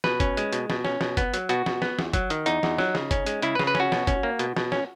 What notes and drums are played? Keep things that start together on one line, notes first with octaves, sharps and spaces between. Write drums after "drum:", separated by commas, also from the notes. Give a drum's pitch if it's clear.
B2 B4, drum: snare
C#4, drum: kick, hi-hat
G#3, drum: hi-hat
B2, drum: hi-hat
B2, drum: snare
C#4, drum: snare
B2, drum: snare
B3, drum: kick, hi-hat
F#3, drum: hi-hat
B2 F#4, drum: hi-hat
B2, drum: snare
B3, drum: snare
E2, drum: snare
F#3, drum: kick, hi-hat
D#3, drum: hi-hat
E2 D#4, drum: hi-hat
E2, drum: snare
F#3, drum: snare
C#3, drum: snare
C#4, drum: kick, hi-hat
G#3, drum: hi-hat
C#3 E4, drum: hi-hat
B4
C#3, drum: snare
B4
C#4, drum: snare
F#4
B2, drum: snare
C#4, drum: kick, hi-hat
A#3
B2, drum: hi-hat
B2, drum: snare
C#4, drum: snare